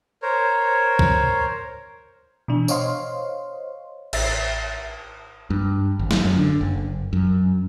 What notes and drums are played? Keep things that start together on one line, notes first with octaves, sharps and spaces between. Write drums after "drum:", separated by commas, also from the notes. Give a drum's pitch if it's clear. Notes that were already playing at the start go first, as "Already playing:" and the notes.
A#4 C5 C#5
drum: kick
B2 E3 D4
C5 C#5 D#5 F5 C6, drum: tambourine
A1 E5 A6 C7, drum: cymbal
G2
G#1
drum: snare
F#2
D3
F#1
F#2